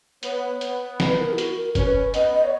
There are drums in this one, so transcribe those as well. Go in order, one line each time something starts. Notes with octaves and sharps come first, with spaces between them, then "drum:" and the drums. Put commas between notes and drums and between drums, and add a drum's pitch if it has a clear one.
B3 C#5, drum: hi-hat
B3, drum: hi-hat
B4, drum: snare
A#4
E4
F#4, drum: hi-hat
A#4
C#4 B4, drum: kick, hi-hat
B3 D#5, drum: hi-hat
D#5
C#5